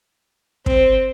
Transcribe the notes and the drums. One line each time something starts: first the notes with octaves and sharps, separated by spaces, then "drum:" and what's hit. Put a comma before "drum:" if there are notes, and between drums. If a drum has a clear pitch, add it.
C4, drum: kick